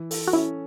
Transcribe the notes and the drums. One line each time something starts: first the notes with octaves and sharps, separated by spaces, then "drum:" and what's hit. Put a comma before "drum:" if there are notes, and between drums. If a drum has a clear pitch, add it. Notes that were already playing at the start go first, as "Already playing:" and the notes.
Already playing: E3
A4, drum: open hi-hat
F#4
C#4 E4